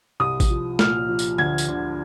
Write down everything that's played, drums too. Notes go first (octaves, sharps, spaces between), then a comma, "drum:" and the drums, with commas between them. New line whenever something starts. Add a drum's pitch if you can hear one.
C2 D#6
drum: kick A1, tambourine
F3
A#2 F6, drum: snare
F3
drum: tambourine
D2 G#6
drum: tambourine
D3